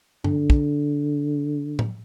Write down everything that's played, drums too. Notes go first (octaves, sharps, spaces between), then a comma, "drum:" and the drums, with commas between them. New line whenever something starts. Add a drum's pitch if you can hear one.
D3, drum: tom G2
drum: kick
drum: tom